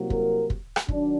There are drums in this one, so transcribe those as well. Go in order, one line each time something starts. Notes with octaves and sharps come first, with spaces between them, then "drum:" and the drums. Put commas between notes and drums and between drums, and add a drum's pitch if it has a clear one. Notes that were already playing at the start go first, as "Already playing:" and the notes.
Already playing: C2 C3 F#3 A#3
A#4, drum: kick
drum: kick
drum: rim click
D#3 F#3 D4, drum: kick